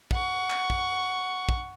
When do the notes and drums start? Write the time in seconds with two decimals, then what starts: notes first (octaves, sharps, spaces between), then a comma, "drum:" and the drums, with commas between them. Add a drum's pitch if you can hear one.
0.11 F#5 C#6, drum: kick
0.50 drum: clap
0.70 drum: kick
1.49 drum: kick